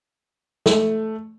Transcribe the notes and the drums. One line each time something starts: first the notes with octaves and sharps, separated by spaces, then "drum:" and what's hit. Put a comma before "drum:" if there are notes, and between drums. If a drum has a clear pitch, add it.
A3, drum: snare